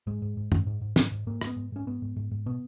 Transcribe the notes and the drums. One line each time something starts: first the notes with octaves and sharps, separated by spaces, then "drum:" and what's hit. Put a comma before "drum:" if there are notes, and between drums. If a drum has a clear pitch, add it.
G#2 G#3
G#2
G#2
G#2, drum: tom
G#2
G#2
G#2, drum: snare
G#2
G#2 A#3
G#2, drum: rim click
B3
G#2
G#2 C#4
G#2 B3
G#2
G#2
G#2
B2 B3